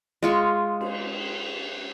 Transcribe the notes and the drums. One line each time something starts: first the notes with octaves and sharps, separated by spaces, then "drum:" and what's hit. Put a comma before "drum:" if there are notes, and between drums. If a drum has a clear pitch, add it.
G#3 F4 C#6
drum: cymbal